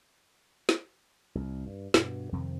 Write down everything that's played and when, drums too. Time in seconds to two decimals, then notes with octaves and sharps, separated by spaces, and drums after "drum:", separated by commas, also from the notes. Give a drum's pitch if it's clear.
0.69 drum: snare
1.35 C2
1.66 G2
1.94 G2 B2, drum: snare
2.32 F2 C3 D#3 F3